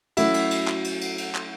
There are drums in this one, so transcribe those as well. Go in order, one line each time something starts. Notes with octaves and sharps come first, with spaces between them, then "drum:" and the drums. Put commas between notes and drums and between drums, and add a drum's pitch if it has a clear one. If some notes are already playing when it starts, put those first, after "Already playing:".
F#3 A3 C#4 E4 F#4, drum: cymbal
drum: cymbal
drum: cymbal
drum: clap
drum: cymbal
drum: cymbal
drum: cymbal
drum: clap